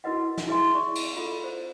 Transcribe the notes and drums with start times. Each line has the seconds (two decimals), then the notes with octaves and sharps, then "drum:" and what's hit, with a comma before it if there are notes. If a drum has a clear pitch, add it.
0.04 E4 F#4 A#4 B4 D#5 F#5
0.38 drum: snare
0.48 E4 G#4 B4 E5 G#5 C6
0.75 D5 C#6
0.95 drum: cymbal
1.17 F4 A4
1.44 C5